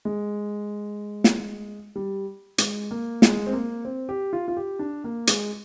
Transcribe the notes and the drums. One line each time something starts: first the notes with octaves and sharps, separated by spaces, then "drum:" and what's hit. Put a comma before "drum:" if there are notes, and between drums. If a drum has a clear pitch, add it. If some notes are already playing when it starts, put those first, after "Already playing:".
G#3
drum: snare
G3
G#3, drum: hi-hat
A#3
G#3, drum: snare
C4
A#3
C4
G4
F4
F4
G4
D4
A#3
G#3, drum: hi-hat